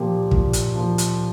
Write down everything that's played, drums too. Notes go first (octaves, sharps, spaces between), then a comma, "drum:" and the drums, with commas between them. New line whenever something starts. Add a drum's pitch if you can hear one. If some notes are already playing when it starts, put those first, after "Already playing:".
Already playing: A#2 F3 A#3 G4
A#2, drum: kick
drum: hi-hat
F3 A#3
drum: hi-hat